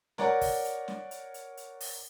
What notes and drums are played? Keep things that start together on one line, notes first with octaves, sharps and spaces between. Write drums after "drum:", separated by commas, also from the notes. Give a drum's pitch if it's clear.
A#4 C#5 D5 F#5 G#5 A#5, drum: snare
drum: kick, open hi-hat
drum: hi-hat
drum: snare
drum: hi-hat
drum: hi-hat
drum: hi-hat
drum: open hi-hat